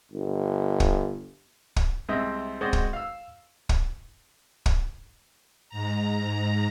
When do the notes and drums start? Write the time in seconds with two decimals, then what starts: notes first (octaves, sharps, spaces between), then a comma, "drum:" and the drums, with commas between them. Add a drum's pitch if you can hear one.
0.12 G1
0.80 drum: kick
1.76 drum: kick
2.09 C2 G#3 C4 D#5 E5
2.61 G#3 C4 F#4 C5 D5 D#5
2.73 drum: kick
2.93 F5 E6
3.69 drum: kick
4.66 drum: kick
5.69 G#2 A#5